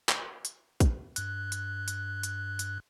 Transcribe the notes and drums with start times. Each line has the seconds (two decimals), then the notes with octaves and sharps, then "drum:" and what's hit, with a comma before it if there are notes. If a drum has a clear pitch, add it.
0.09 drum: clap
0.45 drum: hi-hat
0.80 drum: kick A#1, hi-hat
1.16 G2 F#6, drum: hi-hat
1.52 drum: hi-hat
1.88 drum: hi-hat
2.23 drum: hi-hat
2.59 drum: hi-hat